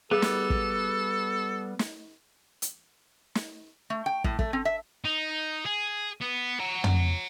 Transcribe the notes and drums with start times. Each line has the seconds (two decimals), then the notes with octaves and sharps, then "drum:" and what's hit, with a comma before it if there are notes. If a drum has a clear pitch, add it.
0.11 G3 B3 G#4 A4
0.22 drum: snare
0.50 drum: kick
1.79 drum: snare
2.62 drum: hi-hat
3.35 drum: snare
3.90 A3
4.06 G5
4.24 A2, drum: kick
4.39 A3, drum: kick
4.53 C4
4.65 E5
5.05 D#4
5.66 G#4
6.21 B3
6.60 F#5 A#5
6.84 drum: tom